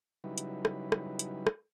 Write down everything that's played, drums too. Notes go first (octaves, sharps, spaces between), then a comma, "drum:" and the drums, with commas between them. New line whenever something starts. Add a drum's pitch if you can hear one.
C#3 F#3 G3 D#4 E4 B4
drum: hi-hat
drum: rim click
drum: rim click
drum: hi-hat
drum: rim click